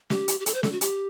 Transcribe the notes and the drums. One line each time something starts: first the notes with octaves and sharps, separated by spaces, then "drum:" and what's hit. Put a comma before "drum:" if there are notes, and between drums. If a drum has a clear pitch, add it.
G4, drum: snare
drum: hi-hat
G4
A4, drum: hi-hat
C5
A4, drum: snare
F#4
G4, drum: hi-hat